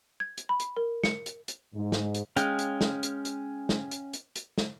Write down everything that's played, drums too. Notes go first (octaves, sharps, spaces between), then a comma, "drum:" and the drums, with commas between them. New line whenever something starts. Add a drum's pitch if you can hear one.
G#6
drum: hi-hat
B5
drum: hi-hat
A#4
C#7, drum: snare
drum: hi-hat
drum: hi-hat
G#2
drum: snare
drum: hi-hat
G#3 C#4 F5 G5, drum: hi-hat
drum: hi-hat
drum: snare
drum: hi-hat
drum: hi-hat
drum: snare
drum: hi-hat
drum: hi-hat
drum: hi-hat
drum: snare